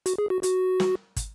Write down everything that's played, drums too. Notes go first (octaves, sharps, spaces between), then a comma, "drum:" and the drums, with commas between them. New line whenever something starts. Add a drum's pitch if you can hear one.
F#4, drum: hi-hat
G#4
F#4
F#4, drum: hi-hat
drum: snare
drum: kick, hi-hat